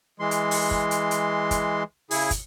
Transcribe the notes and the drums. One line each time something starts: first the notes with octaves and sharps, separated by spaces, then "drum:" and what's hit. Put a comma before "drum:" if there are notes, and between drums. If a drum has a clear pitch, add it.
E3 G#3 C6
drum: hi-hat
drum: open hi-hat
drum: kick
drum: hi-hat
drum: hi-hat
drum: kick, hi-hat
C#3 E4 G#4, drum: open hi-hat
drum: kick, hi-hat